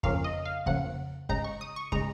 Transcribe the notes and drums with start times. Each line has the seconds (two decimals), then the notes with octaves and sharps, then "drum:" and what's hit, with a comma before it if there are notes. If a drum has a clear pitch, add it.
0.03 F2 C#3 F3 A#3 C#4 F5, drum: kick
0.24 D#5
0.45 F5
0.66 F2 C#3 F3 A#3 C#4 F#5, drum: kick
1.29 C#3 G#3 D#4 A#5, drum: kick
1.44 C#6
1.61 D#6
1.76 C#6
1.92 C#3 G#3 D#4 A#5, drum: kick